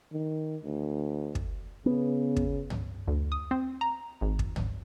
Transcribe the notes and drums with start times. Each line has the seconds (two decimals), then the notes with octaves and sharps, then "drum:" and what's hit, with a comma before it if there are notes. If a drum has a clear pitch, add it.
0.12 D#3
0.64 D2
1.35 drum: kick
1.86 C#3 B3
2.36 drum: kick
2.70 drum: tom
3.08 D2
3.32 D#6
3.51 C4
3.81 A#5
4.21 G#1
4.39 drum: kick
4.56 drum: tom